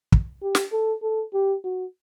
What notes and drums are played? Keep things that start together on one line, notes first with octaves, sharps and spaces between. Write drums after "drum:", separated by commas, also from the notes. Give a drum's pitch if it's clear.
drum: kick
G4
drum: snare
A4
A4
G4
F#4